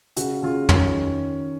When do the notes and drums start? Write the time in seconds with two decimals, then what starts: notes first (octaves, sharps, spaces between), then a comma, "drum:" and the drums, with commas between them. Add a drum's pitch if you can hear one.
0.17 C#3 F#4, drum: hi-hat
0.42 C#3 F4
0.69 D#3 C#4, drum: tom